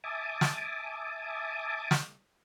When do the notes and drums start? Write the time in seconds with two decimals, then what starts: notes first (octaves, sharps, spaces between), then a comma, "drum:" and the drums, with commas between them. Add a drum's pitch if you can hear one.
0.04 E5 G#5 A5 D6 D#6
0.41 drum: snare
1.91 drum: snare